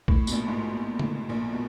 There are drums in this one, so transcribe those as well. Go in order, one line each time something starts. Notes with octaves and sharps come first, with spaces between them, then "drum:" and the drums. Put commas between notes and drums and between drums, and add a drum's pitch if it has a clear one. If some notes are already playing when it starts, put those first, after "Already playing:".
A2, drum: kick A#1
B2, drum: tambourine
A#1 A#2
G#2
A2
A2
A2, drum: tom C#3
A#1 A#2
B2